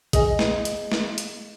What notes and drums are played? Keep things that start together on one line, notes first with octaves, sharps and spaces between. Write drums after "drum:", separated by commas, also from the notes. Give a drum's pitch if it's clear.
G#4 D#5 G#5, drum: kick, hi-hat
drum: snare
drum: hi-hat
drum: snare
drum: hi-hat